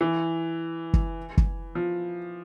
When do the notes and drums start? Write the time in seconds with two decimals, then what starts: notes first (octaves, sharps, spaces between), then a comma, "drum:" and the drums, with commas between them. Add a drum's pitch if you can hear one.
0.01 E3
0.94 drum: kick
1.37 drum: kick
1.75 F3